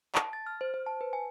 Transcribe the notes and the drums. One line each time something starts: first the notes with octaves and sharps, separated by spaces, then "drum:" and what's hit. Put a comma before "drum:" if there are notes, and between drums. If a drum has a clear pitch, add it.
A5, drum: clap
A6
F6
C5
C5
A5
B4
G#5